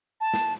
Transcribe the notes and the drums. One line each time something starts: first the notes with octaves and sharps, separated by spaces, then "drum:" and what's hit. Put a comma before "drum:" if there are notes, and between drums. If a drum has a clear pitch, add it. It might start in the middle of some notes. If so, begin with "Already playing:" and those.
A5
drum: snare